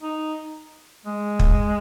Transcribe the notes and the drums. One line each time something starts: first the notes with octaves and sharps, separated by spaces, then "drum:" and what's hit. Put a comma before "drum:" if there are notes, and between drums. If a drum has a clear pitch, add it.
D#4
G#3
drum: kick